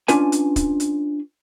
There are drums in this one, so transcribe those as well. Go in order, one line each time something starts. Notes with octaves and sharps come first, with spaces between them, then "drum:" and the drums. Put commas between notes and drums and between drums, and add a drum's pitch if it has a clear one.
C#4 D4 F4 B4 G#5, drum: hi-hat
drum: hi-hat
drum: kick, hi-hat
drum: hi-hat